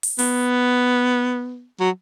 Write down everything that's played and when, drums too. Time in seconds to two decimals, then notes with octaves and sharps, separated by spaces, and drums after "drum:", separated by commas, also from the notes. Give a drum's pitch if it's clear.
0.03 drum: open hi-hat
0.19 B3, drum: open hi-hat
1.80 F#3